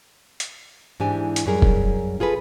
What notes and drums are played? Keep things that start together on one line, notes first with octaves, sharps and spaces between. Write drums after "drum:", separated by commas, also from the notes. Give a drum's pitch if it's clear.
drum: hi-hat
G#2 E3 D4 G4 G#5
drum: hi-hat
F#2 G3 G#4 A#4
drum: kick E1
F4 G#4 A4 B4